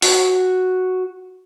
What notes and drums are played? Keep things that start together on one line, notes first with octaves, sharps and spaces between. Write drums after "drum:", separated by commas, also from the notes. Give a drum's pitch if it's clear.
F#4, drum: open hi-hat